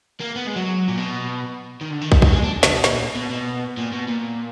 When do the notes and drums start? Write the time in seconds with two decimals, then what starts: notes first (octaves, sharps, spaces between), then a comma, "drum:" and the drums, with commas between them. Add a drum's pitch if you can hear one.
0.20 A#3
0.36 B3
0.46 G#3
0.56 F#3
0.88 A#2
0.97 B2
1.81 D#3
1.91 D3
2.01 D#3
2.12 F3, drum: kick
2.22 F#3, drum: kick
2.32 G#3
2.43 D4
2.63 D3, drum: snare
2.74 B2
2.84 A#2, drum: snare
3.15 B2
3.30 B2
3.77 A#2
3.92 B2
4.08 A#2